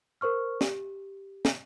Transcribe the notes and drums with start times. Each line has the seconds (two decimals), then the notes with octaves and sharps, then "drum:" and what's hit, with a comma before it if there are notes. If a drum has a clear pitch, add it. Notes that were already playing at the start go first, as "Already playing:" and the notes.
0.21 A#4 C5 C#6 F6
0.61 G4, drum: snare
1.45 drum: snare